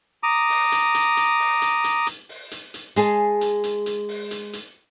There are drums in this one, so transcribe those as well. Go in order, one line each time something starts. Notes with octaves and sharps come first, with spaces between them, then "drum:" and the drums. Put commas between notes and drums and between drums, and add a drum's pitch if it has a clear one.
A#5 D6 D#6
drum: open hi-hat
drum: hi-hat
drum: hi-hat
drum: hi-hat
drum: open hi-hat
drum: hi-hat
drum: hi-hat
drum: hi-hat
drum: open hi-hat
drum: hi-hat
drum: hi-hat
G#3 G#4 A5, drum: hi-hat
drum: hi-hat
drum: hi-hat
drum: hi-hat
drum: open hi-hat
drum: hi-hat
drum: hi-hat